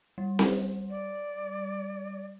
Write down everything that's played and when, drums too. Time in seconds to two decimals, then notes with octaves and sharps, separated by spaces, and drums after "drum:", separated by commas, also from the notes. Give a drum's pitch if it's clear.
0.18 G3
0.39 drum: snare C4
0.90 D5